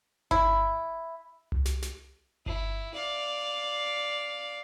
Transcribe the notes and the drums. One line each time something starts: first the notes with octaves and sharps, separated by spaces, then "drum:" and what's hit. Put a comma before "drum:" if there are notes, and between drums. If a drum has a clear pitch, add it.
E4, drum: kick G1
drum: tom C2
drum: snare
drum: snare
E4, drum: kick G1
D5 F5